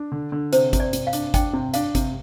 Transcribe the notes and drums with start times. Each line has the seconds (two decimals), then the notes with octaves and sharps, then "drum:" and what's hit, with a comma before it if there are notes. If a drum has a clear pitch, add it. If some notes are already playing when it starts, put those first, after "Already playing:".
Already playing: D4
0.12 D3
0.32 D3
0.53 C3 C5, drum: hi-hat
0.73 C3, drum: kick G#1, hi-hat
0.80 D5
0.93 C3, drum: hi-hat
1.07 F5
1.13 D4, drum: hi-hat
1.34 D4 G5, drum: kick G#1, hi-hat
1.53 C3
1.74 D4 F5, drum: hi-hat
1.95 C3, drum: kick G#1, hi-hat